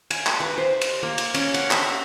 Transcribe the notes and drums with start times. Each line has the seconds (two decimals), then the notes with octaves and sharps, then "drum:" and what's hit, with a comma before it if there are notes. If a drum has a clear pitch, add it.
0.11 G#5, drum: cymbal
0.27 drum: clap
0.40 B4
0.58 C5
0.81 drum: cymbal
1.03 A#3
1.18 drum: cymbal
1.34 C#4, drum: cymbal
1.54 F#5, drum: cymbal
1.71 E5, drum: clap